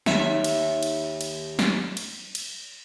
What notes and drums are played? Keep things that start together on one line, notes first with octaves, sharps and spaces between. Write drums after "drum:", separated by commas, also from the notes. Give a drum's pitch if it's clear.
D#2 E5, drum: snare
drum: cymbal
drum: cymbal
drum: cymbal
drum: snare
drum: cymbal
drum: cymbal